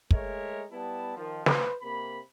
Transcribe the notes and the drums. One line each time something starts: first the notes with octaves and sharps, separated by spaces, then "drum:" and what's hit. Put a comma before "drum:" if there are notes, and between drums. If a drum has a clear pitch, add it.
G#3 A3 A#4 C#5 E5, drum: kick
G3 B3 E4 A5
D#3 F3
B4 C5, drum: snare
C3 A#3 B5